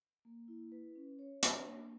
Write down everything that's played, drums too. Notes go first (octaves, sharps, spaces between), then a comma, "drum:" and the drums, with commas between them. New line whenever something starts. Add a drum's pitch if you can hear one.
A#3
E4
B4
C#4
C#5
D4, drum: hi-hat
A#3